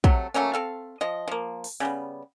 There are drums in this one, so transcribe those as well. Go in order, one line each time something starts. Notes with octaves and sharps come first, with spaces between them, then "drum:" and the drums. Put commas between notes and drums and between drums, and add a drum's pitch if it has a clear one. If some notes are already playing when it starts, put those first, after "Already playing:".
C3 F#3 A3, drum: kick
F#3 A3 A#3 C#4
C4 A4 F5
F3 D#5
F3 A#3
drum: open hi-hat
C#3 G3 B3